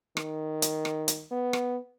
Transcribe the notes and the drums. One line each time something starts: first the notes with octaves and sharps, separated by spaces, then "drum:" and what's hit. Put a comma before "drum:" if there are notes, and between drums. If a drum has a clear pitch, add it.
D#3, drum: rim click
drum: hi-hat
drum: rim click
drum: hi-hat
B3
drum: rim click